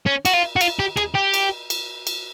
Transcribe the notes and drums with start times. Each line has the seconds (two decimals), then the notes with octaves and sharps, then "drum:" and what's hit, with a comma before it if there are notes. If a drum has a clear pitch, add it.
0.06 C#4
0.25 F#4, drum: cymbal
0.33 F4
0.56 F#4
0.61 F4, drum: cymbal
0.79 G4
0.97 G#4, drum: rim click
1.15 G4
1.34 drum: cymbal
1.70 drum: cymbal
2.07 drum: cymbal